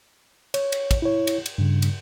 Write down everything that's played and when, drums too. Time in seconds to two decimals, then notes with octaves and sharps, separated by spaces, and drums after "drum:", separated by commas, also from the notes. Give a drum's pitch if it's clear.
0.54 C#5, drum: cymbal
0.72 drum: cymbal
0.91 drum: kick, cymbal
1.02 E4 C#5
1.27 drum: cymbal
1.46 drum: cymbal
1.58 G2 C#3
1.82 drum: cymbal